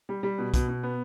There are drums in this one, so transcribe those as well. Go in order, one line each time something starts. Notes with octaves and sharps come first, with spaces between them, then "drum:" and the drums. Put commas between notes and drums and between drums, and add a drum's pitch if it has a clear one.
G3
G3
B2
B2, drum: kick, hi-hat
B2
B3